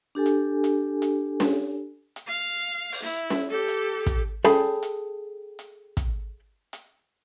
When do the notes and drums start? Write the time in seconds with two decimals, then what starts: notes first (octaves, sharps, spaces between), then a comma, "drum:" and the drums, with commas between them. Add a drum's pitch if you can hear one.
0.15 D4 G4 A4 G#5
0.26 drum: hi-hat
0.64 drum: hi-hat
1.02 drum: hi-hat
1.40 drum: snare C#4
2.16 drum: hi-hat
2.27 F5
2.92 drum: open hi-hat
3.03 E4
3.30 drum: snare C#4
3.50 G4 A4
3.68 drum: hi-hat
4.06 drum: kick, hi-hat
4.45 G#4 A4 G5 B5, drum: snare C#4
4.83 drum: hi-hat
5.59 drum: hi-hat
5.97 drum: kick, hi-hat
6.73 drum: hi-hat